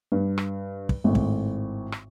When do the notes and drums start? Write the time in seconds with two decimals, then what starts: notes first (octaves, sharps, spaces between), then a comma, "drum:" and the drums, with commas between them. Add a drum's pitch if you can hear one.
0.12 G2
0.38 drum: rim click
0.89 drum: kick
1.04 G#1 A2
1.15 drum: kick
1.92 drum: rim click